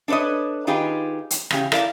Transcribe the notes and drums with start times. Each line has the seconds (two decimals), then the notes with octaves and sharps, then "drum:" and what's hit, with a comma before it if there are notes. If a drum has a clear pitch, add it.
0.08 D4 A4 B4 C#5 D#5
0.67 D#3 D#4 F4 G4 G#4 B4
1.31 drum: hi-hat
1.51 E2 C#3 G4, drum: rim click
1.72 E4 A4 A#4 D5 F5, drum: rim click